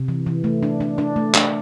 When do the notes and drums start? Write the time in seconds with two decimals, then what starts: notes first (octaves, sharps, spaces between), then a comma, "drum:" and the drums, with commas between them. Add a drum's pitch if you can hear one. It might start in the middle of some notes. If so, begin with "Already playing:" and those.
Already playing: C3
0.08 E3
0.26 E3
0.44 A3
0.63 D4
0.80 D4
0.98 D4
1.16 A3
1.34 D4, drum: clap